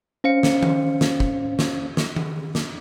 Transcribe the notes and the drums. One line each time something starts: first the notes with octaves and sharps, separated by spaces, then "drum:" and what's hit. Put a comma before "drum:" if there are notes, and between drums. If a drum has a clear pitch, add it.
C#4 C5 F5 C#7
drum: snare
drum: tom D#3
drum: snare
drum: kick
drum: snare
drum: snare
drum: tom D#3
drum: snare